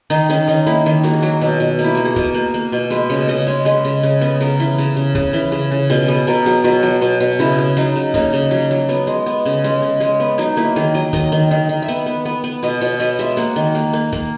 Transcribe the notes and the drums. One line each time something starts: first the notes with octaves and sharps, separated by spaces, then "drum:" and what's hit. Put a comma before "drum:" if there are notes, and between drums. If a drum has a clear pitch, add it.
D#3 D#4
D#3 C#4
D#3 D#4
A#3 E4, drum: hi-hat
D#3
A#3 F#4, drum: hi-hat
G#4
F#3 F#4
B2, drum: hi-hat
B2
A#3, drum: hi-hat
E4
A#3 F#4
G#4
B2 A#4, drum: kick, hi-hat
A#3
A#3
B2
G#3 B4, drum: hi-hat
C#3 C#5
C#3 D#5
G#3 C#5
G#3 B4, drum: hi-hat
C#3
C#3, drum: hi-hat
B3
C#3 A#4, drum: hi-hat
E3
C#3, drum: hi-hat
C#3
C#3, drum: kick, hi-hat
E3
C#3
C#3
B2 G#4, drum: hi-hat
B3 G#4
B2 A#4
F#3 G#4
B2 F#4, drum: hi-hat
F#3
B2, drum: hi-hat
B2
C#3 E4, drum: hi-hat
C#3
F#3 D#4, drum: hi-hat
C#3
A#3 D#4, drum: kick, hi-hat
C#3
F#3
F#3
B3, drum: hi-hat
G#3
B3
C#3
G#3, drum: hi-hat
C#3
G#3, drum: hi-hat
B3
F#3 D#4, drum: hi-hat
A#3 E4
D#3 G#4, drum: hi-hat
F#3 D#5
D#3 D#5, drum: kick, hi-hat
D#3
D#3
D#3
E5
B3 F#5
B3
B3
B3
B2 D#5, drum: hi-hat
B2 C#5
B3 D#5, drum: hi-hat
G#3 E5
A#3 F#5, drum: hi-hat
D#3
A#3, drum: hi-hat
A#3
A#3, drum: kick, hi-hat